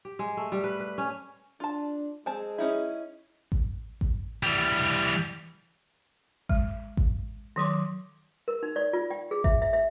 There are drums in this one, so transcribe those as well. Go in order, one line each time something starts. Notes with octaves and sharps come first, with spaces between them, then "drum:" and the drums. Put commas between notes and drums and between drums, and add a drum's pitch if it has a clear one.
G4
G#3
A3
G3
B4
B4
C#4
D4 F4 A5
G#3 C4 G#4 G#5 A5
C#4 D#4 E4
drum: kick A1
drum: kick A1
E3 G3
G#3, drum: kick A1
drum: kick A1
D#3 F#3 C6 D6
A#4
D#4
D5
F4
G5
G#4
E5, drum: kick A1
E5
E5